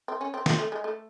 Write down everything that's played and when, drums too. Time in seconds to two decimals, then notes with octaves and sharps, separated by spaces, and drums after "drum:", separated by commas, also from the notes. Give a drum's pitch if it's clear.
0.08 C4
0.21 C#4
0.34 C4
0.46 C4, drum: snare
0.59 A3
0.72 G#3
0.84 A3